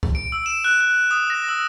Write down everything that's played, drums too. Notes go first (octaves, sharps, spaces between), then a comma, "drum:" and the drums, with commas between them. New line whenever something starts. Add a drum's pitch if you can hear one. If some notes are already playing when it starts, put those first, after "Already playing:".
drum: kick C2
D7
E6
E7
F#6
F#6
D#6
A#6
E6